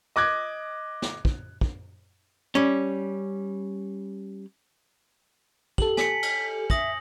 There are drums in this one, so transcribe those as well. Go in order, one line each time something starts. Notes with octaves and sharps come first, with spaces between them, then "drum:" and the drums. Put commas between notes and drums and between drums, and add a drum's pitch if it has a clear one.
D#5 D6 F#6 G#6
drum: snare
drum: kick
drum: kick
G3 C#4
G4 A4 F#7, drum: kick
G#5 B6 C#7, drum: snare
drum: cymbal
E5 D#6 A#6 F#7, drum: kick